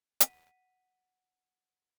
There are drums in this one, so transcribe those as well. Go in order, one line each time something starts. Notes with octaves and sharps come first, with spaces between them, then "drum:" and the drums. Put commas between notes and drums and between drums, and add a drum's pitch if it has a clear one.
F#5 B6 D#7, drum: hi-hat